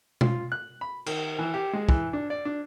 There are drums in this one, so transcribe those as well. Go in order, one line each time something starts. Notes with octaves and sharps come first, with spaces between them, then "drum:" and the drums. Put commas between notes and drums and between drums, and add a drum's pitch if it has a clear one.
F4, drum: tom B2
F#6
B5
D#3, drum: cymbal
E3
G4
G#3
E3, drum: kick
D4
D5
D4